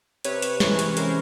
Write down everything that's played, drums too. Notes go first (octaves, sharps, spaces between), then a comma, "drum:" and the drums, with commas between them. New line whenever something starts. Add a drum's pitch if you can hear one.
C3 B4 C#5, drum: hi-hat
drum: hi-hat
E3 G#3 C#4, drum: snare
drum: hi-hat
C3 A#4 C5, drum: hi-hat